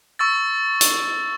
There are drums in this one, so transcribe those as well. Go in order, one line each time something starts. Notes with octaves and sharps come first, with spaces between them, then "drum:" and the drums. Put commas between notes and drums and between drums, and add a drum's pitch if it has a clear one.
C#6 E6 A6
drum: hi-hat